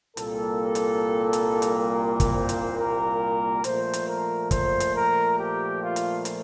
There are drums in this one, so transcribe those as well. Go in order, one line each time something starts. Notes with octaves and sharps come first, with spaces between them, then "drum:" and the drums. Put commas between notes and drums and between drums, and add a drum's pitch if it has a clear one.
C2 A#2 G3 A#3 A4, drum: hi-hat
drum: hi-hat
drum: hi-hat
drum: hi-hat
A#4
drum: kick, hi-hat
C5
drum: hi-hat
A#4
A#2 F3 A3 C5, drum: hi-hat
drum: hi-hat
A#4
C5, drum: kick, hi-hat
drum: hi-hat
A#4
G4
F4
drum: hi-hat
drum: hi-hat